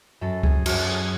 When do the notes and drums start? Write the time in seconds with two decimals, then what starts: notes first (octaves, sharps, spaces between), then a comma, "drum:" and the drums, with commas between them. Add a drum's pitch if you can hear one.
0.21 F#2 A4
0.43 G#4, drum: kick C#2
0.66 F#2 F#4, drum: cymbal
0.80 A4
0.88 G#4